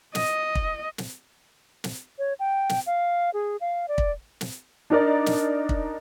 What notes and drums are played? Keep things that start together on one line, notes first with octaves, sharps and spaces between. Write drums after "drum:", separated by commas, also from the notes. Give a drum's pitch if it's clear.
D#5, drum: snare
drum: kick
drum: snare
drum: snare
C#5
G5
drum: snare
F5
G#4
F5
D5
drum: kick
drum: snare
D4 D#4 A#4 D5
drum: snare
drum: kick